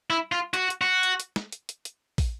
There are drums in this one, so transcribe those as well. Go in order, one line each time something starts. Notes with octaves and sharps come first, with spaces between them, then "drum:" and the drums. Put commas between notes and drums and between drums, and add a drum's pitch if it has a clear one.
E4
F4
F#4, drum: hi-hat
drum: hi-hat
F#4
drum: hi-hat
drum: hi-hat
drum: snare
drum: hi-hat
drum: hi-hat
drum: hi-hat
drum: kick, open hi-hat